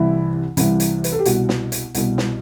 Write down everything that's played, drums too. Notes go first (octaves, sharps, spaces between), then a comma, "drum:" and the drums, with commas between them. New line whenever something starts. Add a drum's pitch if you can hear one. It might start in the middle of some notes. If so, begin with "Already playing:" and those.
Already playing: C2 C3 E3 E4
C2 C3 E3, drum: hi-hat
drum: hi-hat
B4, drum: hi-hat
A4
G4
C2 B2 F#4, drum: hi-hat
drum: snare
drum: hi-hat
C2 B2, drum: hi-hat
drum: snare